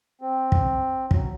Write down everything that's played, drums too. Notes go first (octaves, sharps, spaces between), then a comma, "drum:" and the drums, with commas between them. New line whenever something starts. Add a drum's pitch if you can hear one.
C4
drum: kick
F#3, drum: kick